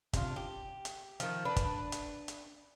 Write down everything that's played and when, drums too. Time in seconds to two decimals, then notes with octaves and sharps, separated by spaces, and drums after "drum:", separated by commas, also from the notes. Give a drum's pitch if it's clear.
0.13 C3 D4 F4, drum: kick G1, hi-hat
0.36 G4
0.85 drum: hi-hat
1.20 D#3 F3, drum: hi-hat
1.45 D4 B4
1.56 drum: kick G1, hi-hat
1.92 drum: hi-hat
2.28 drum: hi-hat